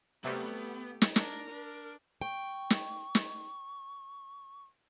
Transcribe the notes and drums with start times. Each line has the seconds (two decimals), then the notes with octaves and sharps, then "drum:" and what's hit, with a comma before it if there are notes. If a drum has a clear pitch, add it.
0.24 C3 F#3 G3 A3 B3 G4
1.02 drum: snare
1.16 D4 A#4, drum: snare
1.50 D4
2.22 G5 C#6
2.70 drum: snare
3.15 drum: snare